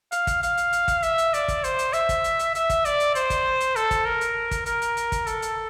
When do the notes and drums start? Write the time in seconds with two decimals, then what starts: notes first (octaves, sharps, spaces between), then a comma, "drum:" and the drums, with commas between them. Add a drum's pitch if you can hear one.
0.12 F5, drum: hi-hat
0.27 drum: kick, hi-hat
0.43 F5, drum: hi-hat
0.57 drum: hi-hat
0.73 drum: hi-hat
0.88 drum: kick, hi-hat
1.03 E5, drum: hi-hat
1.18 drum: hi-hat
1.34 D5, drum: hi-hat
1.48 drum: kick, hi-hat
1.64 C5, drum: hi-hat
1.79 drum: hi-hat
1.93 E5, drum: hi-hat
2.09 drum: kick, hi-hat
2.24 drum: hi-hat
2.39 drum: hi-hat
2.55 E5, drum: hi-hat
2.70 drum: kick, hi-hat
2.85 D5, drum: hi-hat
3.00 drum: hi-hat
3.15 C5, drum: hi-hat
3.30 drum: kick, hi-hat
3.60 drum: hi-hat
3.76 A4, drum: hi-hat
3.91 drum: kick, hi-hat
4.06 A#4
4.21 drum: hi-hat
4.51 drum: kick, hi-hat
4.66 A#4, drum: hi-hat
4.82 drum: hi-hat
4.97 drum: hi-hat
5.12 drum: kick, hi-hat
5.27 A4, drum: hi-hat
5.42 drum: hi-hat